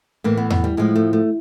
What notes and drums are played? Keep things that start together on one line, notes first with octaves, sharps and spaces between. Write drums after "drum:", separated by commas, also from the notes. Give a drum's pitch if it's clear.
A2 E3 A#3
B3
B3, drum: tom E2
G3
A2 F3 G#3
A3
A3